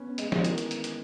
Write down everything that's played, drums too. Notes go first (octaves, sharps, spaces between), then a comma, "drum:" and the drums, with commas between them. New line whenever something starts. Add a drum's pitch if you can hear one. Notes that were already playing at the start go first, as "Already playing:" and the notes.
Already playing: B3 C#4
G#3, drum: hi-hat
E3, drum: snare
D#3, drum: hi-hat
drum: hi-hat
drum: hi-hat
drum: hi-hat